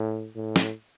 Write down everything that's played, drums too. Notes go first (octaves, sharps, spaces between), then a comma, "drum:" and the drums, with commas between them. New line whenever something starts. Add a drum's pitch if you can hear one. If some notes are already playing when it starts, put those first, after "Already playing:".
Already playing: A2
A2
drum: snare